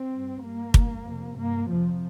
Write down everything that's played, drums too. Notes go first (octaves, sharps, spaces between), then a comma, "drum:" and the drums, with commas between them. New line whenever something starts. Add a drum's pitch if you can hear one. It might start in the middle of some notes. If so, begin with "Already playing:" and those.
Already playing: C4
G2
G2 A#3
G2, drum: kick
F2 C3
G2 A#3
F2 C3 F3